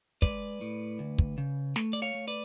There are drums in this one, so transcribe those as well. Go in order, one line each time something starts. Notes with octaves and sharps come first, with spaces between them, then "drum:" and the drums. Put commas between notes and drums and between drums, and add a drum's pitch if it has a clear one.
G#3 B4 D5, drum: kick
A2
D2
drum: kick
C#3
A3, drum: snare
D5
C#5 F5
A3
B4 D5